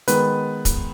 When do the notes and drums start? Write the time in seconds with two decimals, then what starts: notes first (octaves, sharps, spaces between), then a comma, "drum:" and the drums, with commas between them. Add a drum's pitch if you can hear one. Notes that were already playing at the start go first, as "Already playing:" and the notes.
0.08 D#3 G#3 B3 B4, drum: hi-hat
0.65 drum: kick, hi-hat